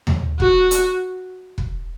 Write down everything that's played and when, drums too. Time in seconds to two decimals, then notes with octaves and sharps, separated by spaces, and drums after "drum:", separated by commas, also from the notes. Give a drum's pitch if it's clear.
0.07 drum: tom D#2
0.40 F#4, drum: kick
0.71 drum: hi-hat
1.58 drum: kick